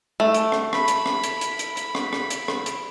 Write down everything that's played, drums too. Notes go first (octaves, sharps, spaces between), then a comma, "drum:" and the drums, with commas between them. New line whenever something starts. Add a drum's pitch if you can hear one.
A3
drum: hi-hat
drum: rim click
B5, drum: rim click
drum: hi-hat
drum: rim click
drum: hi-hat
drum: hi-hat
drum: hi-hat
B5, drum: hi-hat
drum: rim click
drum: rim click
drum: hi-hat
drum: rim click
drum: hi-hat